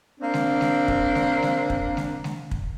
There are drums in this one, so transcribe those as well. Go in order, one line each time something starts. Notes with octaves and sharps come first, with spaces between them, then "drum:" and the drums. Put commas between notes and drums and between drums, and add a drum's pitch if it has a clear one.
A#3 C4 D4
drum: snare G#3
drum: snare G#3
drum: kick
drum: snare G#3
drum: snare G#3
drum: kick
drum: snare G#3
drum: snare G#3
drum: kick